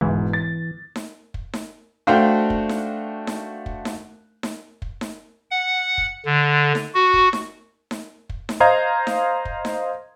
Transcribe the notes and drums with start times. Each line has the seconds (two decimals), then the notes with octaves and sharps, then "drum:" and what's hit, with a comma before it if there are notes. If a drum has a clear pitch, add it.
0.01 E1 G#2 E3
0.33 A6
0.96 drum: snare D#4
1.34 drum: kick
1.53 drum: snare D#4
2.07 A3 D4 F#4 C5 F5 G5
2.50 drum: kick
2.69 drum: snare D#4
3.27 drum: snare D#4
3.66 drum: kick
3.85 drum: snare D#4
4.43 drum: snare D#4
4.82 drum: kick
5.01 drum: snare D#4
5.51 F#5
5.98 drum: kick
6.25 D3
6.75 drum: snare D#4
6.94 F#4
7.14 drum: kick
7.33 drum: snare D#4
7.91 drum: snare D#4
8.29 drum: kick
8.49 drum: snare D#4
8.60 C5 D#5 F5 A#5 G#6
9.07 drum: snare D#4
9.45 drum: kick
9.65 drum: snare D#4